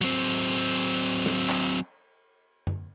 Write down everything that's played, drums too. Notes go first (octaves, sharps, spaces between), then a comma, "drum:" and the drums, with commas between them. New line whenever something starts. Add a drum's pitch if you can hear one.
F#3 C4, drum: cymbal
drum: snare
drum: clap
drum: tom F#2